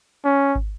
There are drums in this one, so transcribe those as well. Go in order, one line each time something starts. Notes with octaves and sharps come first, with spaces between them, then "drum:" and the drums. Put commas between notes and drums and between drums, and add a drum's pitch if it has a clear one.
C#4
drum: kick